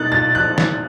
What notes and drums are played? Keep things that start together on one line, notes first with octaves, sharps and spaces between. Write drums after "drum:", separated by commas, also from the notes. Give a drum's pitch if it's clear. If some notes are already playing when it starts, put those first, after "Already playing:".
Already playing: A#3 D#4 F#6 A6
A#2 A6
F3 F#6
A#3, drum: snare